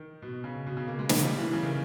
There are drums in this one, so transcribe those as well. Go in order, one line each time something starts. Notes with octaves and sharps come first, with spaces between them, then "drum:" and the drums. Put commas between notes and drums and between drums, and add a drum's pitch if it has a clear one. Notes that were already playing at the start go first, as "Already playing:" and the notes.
Already playing: D#3
B2
C#3
B2
C#3
A#3
G#3
A#3, drum: snare
G3
E3
C#3
D#3